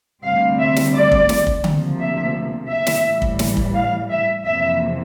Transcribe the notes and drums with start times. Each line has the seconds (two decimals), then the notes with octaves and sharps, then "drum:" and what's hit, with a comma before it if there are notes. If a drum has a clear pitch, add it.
0.24 D2 C3 G3 C4 F5
0.59 E5
0.77 drum: snare
0.94 D5
1.12 drum: kick
1.29 drum: snare
1.47 drum: kick
1.64 D2 C3 F3 A#3, drum: tom D3
2.00 E5
2.69 E5
2.87 drum: snare
3.04 A2 E3 G3
3.22 drum: kick
3.39 drum: snare
3.57 drum: kick
3.74 F5
4.09 E5
4.44 F2 C3 E3 A#3 E5